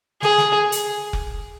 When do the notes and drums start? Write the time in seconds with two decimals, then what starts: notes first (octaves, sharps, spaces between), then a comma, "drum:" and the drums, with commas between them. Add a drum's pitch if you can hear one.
0.22 G#4, drum: snare
0.38 drum: snare
0.72 drum: hi-hat
1.13 drum: kick F1